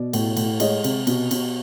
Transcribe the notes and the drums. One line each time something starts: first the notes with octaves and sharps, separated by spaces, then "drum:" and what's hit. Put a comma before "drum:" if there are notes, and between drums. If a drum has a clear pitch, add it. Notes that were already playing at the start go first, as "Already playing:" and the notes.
Already playing: B2 D5
A2, drum: cymbal
A2, drum: cymbal
G#3 C#5 D#5, drum: cymbal
C3, drum: cymbal
B2, drum: cymbal
B2, drum: cymbal